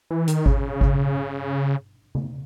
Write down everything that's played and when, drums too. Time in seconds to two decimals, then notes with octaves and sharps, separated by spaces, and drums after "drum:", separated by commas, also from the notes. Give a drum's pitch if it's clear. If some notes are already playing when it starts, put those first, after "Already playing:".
0.11 E3
0.28 D#3, drum: hi-hat
0.46 C#3, drum: kick G#1
0.81 drum: kick G#1
2.15 drum: tom C#3